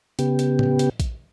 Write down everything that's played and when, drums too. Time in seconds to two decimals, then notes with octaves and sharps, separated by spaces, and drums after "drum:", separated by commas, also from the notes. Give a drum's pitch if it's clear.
0.19 C#3 B3 G4, drum: hi-hat
0.39 drum: hi-hat
0.59 drum: tom A2
0.79 drum: hi-hat
1.00 drum: kick A#1, hi-hat